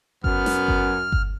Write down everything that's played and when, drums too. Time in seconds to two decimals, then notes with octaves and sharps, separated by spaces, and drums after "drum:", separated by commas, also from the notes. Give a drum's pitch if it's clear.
0.24 F#2 B3 F6, drum: kick G1
0.46 drum: snare
0.68 drum: kick G1
1.12 drum: kick G1